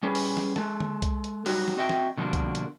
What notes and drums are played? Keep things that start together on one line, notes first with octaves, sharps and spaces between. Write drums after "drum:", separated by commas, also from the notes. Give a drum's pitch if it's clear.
G3 C#4 G#4 B4
drum: open hi-hat
drum: snare
G#3 A4, drum: snare
drum: tom D3
drum: kick C2, hi-hat
drum: hi-hat
F#3 G3 D#4 F#4 G4, drum: open hi-hat
drum: snare
C4 F#4 D#5 E5 G5
drum: snare
B2 D3 F3 G3 A#3 D4
drum: kick C2, hi-hat
drum: hi-hat